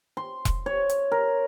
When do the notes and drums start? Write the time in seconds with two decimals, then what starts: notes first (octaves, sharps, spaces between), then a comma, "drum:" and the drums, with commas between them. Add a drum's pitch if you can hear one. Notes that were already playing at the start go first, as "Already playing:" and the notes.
0.17 C6
0.45 drum: kick E1, hi-hat
0.66 C#5
0.89 drum: hi-hat
1.12 A#4